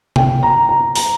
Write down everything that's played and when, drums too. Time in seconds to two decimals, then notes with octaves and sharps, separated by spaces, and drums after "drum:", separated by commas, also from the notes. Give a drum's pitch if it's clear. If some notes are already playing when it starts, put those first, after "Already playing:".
0.16 G5, drum: tom C3
0.43 A#5
0.69 A#5
0.95 A#5, drum: open hi-hat